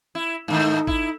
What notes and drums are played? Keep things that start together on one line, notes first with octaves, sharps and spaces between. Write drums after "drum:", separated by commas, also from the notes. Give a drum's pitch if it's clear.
E4
G#2 D#3 A3 D#4
E4, drum: kick